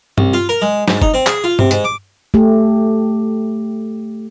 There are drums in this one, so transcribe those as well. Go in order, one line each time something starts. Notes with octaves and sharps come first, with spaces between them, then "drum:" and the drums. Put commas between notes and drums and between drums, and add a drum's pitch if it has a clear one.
C2, drum: tom G2
F4
A#4
G#3
G#2, drum: snare
D#4, drum: kick
C4
G#4, drum: clap
F4
C3, drum: tom G2
G#2, drum: hi-hat
D6
A3 G4